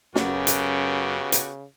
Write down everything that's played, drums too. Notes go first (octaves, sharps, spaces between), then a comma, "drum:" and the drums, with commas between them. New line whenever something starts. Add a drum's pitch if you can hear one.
F#2 C#3 B3 F#4 G4, drum: snare
drum: hi-hat
drum: hi-hat